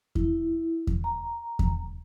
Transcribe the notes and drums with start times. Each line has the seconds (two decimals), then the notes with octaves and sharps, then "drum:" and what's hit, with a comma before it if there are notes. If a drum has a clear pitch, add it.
0.15 E4, drum: kick E2
0.87 drum: kick E2
1.04 A#5
1.59 drum: kick E2